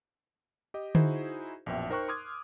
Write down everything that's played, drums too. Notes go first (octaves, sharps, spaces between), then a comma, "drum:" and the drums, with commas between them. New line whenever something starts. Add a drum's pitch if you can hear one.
G4 D#5
D#4 E4 F#4 G#4 C5, drum: tom D3
A#1 F#2 B2 E5 G5
D#4 A#4 C5 G5 C#6 F#6
C6 D6 D#6 F6 G#6